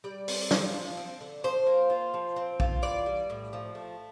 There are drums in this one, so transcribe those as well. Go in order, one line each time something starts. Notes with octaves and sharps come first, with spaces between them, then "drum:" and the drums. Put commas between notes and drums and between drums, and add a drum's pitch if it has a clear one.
G3 D5
C4, drum: open hi-hat
F4, drum: snare
F3
C4
D3
F3 C5
A#3
F4
F3
C4
F4, drum: kick A#1
E3 D5
G3
A2
F3
A3